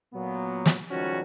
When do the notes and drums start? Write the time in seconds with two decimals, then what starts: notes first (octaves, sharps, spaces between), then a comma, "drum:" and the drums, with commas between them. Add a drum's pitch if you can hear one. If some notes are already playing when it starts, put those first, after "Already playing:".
0.14 A#2 F#3 B3
0.66 drum: snare
0.91 C#2 D#3 F3 G3 C#4 F#4